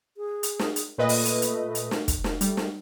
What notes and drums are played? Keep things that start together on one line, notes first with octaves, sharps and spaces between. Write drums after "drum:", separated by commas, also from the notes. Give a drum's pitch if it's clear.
G#4
drum: hi-hat
drum: snare
drum: hi-hat
A#2 A3 B4 D#5
drum: open hi-hat
drum: hi-hat
drum: hi-hat
drum: hi-hat
drum: snare
drum: kick, hi-hat
drum: snare
G3 A3, drum: hi-hat
drum: snare